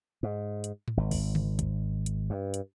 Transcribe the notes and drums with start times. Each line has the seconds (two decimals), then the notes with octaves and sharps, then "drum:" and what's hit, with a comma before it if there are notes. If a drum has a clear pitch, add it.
0.23 G#2
0.64 drum: hi-hat
0.88 drum: tom G#2
0.97 G#1
1.11 drum: kick, open hi-hat
1.35 drum: tom C#3
1.59 drum: kick, hi-hat
2.06 drum: hi-hat
2.30 G2
2.54 drum: hi-hat